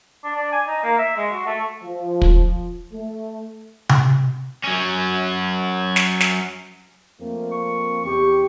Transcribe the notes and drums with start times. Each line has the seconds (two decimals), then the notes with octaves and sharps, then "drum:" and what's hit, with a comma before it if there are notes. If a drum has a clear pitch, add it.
0.24 D4
0.36 D4
0.52 G#5
0.67 D#4
0.83 A#3
0.98 E5
1.17 G#3
1.32 F#4
1.46 A3
1.84 F3
2.22 drum: kick
2.93 A3
3.89 drum: tom C3
4.64 F#3 C#4
5.96 drum: snare
6.20 drum: snare
7.20 F2 A3 A#3 C4
7.52 C#6
8.05 E2 C3 G4 C#6